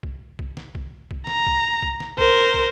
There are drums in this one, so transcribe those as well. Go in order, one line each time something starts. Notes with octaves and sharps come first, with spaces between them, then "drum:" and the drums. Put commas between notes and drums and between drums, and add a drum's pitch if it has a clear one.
drum: kick
drum: kick
drum: snare
drum: kick
drum: kick
A#5, drum: snare
drum: kick
drum: kick
drum: snare
A#4 C5, drum: kick
drum: kick